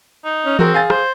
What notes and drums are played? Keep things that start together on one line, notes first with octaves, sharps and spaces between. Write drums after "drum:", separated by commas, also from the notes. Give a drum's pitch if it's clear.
D#4
C#4
C4 F#4 G#4 A#4, drum: tom E3
F5 G#5 A6
C5, drum: rim click